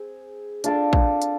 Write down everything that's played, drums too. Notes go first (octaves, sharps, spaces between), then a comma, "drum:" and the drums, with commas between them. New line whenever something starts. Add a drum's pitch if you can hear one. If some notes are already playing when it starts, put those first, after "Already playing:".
Already playing: C4 G#4
D4 F4 A4 D5, drum: hi-hat
drum: kick
drum: hi-hat